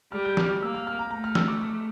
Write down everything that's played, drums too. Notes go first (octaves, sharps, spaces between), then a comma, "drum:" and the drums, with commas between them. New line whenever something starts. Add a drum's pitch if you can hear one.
G3 F6
G6
F6, drum: snare
D6
A#3 E6
F6
F6
A#5
A3 A#5
F6
E6, drum: snare
D6
D6